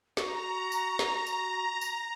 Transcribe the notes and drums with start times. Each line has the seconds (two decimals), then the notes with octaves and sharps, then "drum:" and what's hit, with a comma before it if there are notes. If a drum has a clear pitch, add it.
0.17 F#4 A#5, drum: snare
0.72 drum: tambourine
0.99 drum: snare
1.27 drum: tambourine
1.81 drum: tambourine